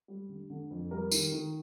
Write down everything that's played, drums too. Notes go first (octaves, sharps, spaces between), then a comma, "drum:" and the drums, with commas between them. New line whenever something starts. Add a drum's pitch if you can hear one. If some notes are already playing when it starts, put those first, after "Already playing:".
G3
D3
D3
F2
G3 A#4
D#3, drum: tambourine
D#3